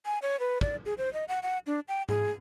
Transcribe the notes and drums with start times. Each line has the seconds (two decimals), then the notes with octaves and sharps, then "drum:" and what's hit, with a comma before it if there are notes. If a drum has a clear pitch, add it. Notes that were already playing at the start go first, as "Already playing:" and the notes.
0.06 G#5
0.22 C#5
0.40 B4
0.61 D5, drum: kick
0.85 G#4
0.98 C5
1.13 D#5
1.28 F#5
1.43 F#5
1.66 D4
1.88 G5
2.09 G#4, drum: tom G#2